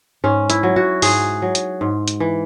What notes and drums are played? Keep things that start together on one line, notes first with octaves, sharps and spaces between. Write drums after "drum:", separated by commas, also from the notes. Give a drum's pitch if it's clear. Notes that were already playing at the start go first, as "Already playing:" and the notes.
G#2 C#4
E4, drum: hi-hat
F#3
F#4
G#2 G#4, drum: open hi-hat
F#3
drum: hi-hat
G#2
drum: hi-hat
E3